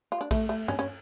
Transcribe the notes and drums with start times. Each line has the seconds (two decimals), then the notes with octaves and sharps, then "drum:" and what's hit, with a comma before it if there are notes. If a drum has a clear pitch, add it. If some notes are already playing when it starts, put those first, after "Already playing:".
0.12 F4
0.21 D4
0.31 A3, drum: kick A#1, cymbal
0.49 A3
0.68 C#4, drum: tom G2
0.79 C#4